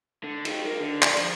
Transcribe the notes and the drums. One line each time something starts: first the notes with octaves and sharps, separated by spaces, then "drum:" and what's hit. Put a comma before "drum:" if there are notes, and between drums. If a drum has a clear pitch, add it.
D3
D#4 G4, drum: cymbal
A#3
D3
B2 D5, drum: clap
F3, drum: cymbal